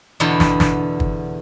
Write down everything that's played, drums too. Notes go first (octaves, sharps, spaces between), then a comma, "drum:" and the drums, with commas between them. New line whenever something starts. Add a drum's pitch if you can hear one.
E2 B2 D3 E4 G5
drum: snare
drum: snare
drum: kick